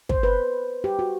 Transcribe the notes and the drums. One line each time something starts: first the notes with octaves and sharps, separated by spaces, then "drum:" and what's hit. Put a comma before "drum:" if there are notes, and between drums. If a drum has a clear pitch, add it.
C5, drum: kick
B4
G4
F#4